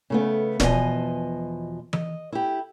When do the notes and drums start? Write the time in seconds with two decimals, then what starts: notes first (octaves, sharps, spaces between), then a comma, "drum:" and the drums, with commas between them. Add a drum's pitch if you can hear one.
0.10 C#3 A3 B3
0.60 E2 B2 F3 D#5 G#5, drum: snare
1.93 D#5, drum: tom E3
2.32 E4 G4